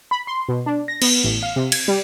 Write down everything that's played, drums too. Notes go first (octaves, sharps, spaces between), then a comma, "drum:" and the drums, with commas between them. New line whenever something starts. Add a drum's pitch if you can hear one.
B5
C6
B2
D4
A#6
B3, drum: cymbal
A1
F5
C3
G#6, drum: cymbal
G3